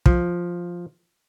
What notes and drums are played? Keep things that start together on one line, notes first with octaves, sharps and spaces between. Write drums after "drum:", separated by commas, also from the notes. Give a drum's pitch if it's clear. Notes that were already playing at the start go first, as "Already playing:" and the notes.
F3, drum: kick